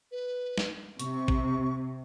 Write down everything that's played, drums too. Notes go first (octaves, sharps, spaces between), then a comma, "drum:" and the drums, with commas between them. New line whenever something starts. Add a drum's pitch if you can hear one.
B4
drum: snare
C3 C#6, drum: hi-hat
drum: kick